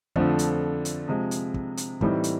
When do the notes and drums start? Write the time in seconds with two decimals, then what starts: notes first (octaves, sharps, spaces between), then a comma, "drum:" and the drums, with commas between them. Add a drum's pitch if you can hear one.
0.16 F2 D3 F3 A3, drum: kick
0.39 drum: hi-hat
0.85 drum: hi-hat
1.08 C3 F3 G#3
1.31 drum: hi-hat
1.54 drum: kick
1.77 drum: hi-hat
2.01 A2 E3 G3 C4 D#4, drum: kick
2.24 drum: hi-hat